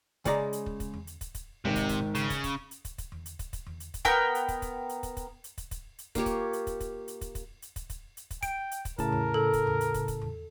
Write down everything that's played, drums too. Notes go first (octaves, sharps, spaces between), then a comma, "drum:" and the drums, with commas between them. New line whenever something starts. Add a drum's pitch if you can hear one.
C#3 G#3 D5 A#5, drum: kick, hi-hat
drum: hi-hat
drum: kick
drum: kick, hi-hat
drum: tom E2
drum: hi-hat
drum: kick, hi-hat
drum: kick, hi-hat
G#1 C3 D#3
drum: kick, hi-hat
drum: kick, hi-hat
C#3, drum: hi-hat
drum: kick, hi-hat
drum: kick, hi-hat
drum: hi-hat
drum: kick, hi-hat
drum: kick, hi-hat
drum: tom E2
drum: hi-hat
drum: kick, hi-hat
drum: kick, hi-hat
drum: tom E2
drum: hi-hat
drum: kick, hi-hat
B3 A#4 G5 G6, drum: kick, hi-hat
drum: hi-hat
drum: kick, hi-hat
drum: kick, hi-hat
drum: hi-hat
drum: kick, hi-hat
drum: kick, hi-hat
drum: hi-hat
drum: kick, hi-hat
drum: kick, hi-hat
drum: hi-hat
A#3 F4 G4 C#5, drum: kick, hi-hat
drum: kick, hi-hat
drum: hi-hat
drum: kick, hi-hat
drum: kick, hi-hat
drum: hi-hat
drum: kick, hi-hat
drum: kick, hi-hat
drum: hi-hat
drum: kick, hi-hat
drum: kick, hi-hat
drum: hi-hat
drum: kick, hi-hat
G5 D7, drum: kick, hi-hat
drum: hi-hat
drum: kick, hi-hat
A2 C#3 A#4 A5, drum: kick, hi-hat
drum: tom E2
A4
drum: kick, hi-hat
drum: tom E2
drum: hi-hat
drum: kick, hi-hat
drum: kick, hi-hat
drum: tom E2